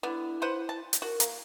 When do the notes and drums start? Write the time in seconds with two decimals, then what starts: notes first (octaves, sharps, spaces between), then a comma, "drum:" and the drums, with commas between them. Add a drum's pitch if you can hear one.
0.03 D3 B3 E4
0.42 B4 C5 F#5
0.69 A5
0.93 drum: hi-hat
1.02 F#4 A#4
1.20 A#3, drum: hi-hat